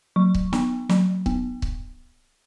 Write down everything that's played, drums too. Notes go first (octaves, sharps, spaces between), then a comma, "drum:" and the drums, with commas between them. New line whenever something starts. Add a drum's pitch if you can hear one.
F#3 C#6
drum: kick C#1
B3, drum: snare
F#3, drum: snare
B3, drum: kick C#1
drum: kick C#1